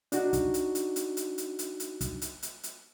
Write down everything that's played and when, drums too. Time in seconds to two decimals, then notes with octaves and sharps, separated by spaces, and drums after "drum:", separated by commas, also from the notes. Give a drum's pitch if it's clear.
0.12 D4 D#4 F#4, drum: hi-hat
0.33 drum: kick, hi-hat
0.54 drum: hi-hat
0.75 drum: hi-hat
0.96 drum: hi-hat
1.17 drum: hi-hat
1.38 drum: hi-hat
1.59 drum: hi-hat
1.80 drum: hi-hat
2.01 drum: kick, hi-hat
2.22 drum: hi-hat
2.43 drum: hi-hat
2.63 drum: hi-hat